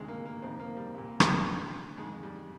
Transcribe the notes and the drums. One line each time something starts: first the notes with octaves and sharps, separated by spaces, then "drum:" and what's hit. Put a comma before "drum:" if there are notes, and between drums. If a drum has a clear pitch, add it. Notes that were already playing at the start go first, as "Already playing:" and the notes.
Already playing: D2 C3 D#3 G#3
A#3
A#3
F2 C3 D#3 C4
A#3
G3
C2 A#2
drum: rim click
D2 D3
F2 D#3 G#3
G3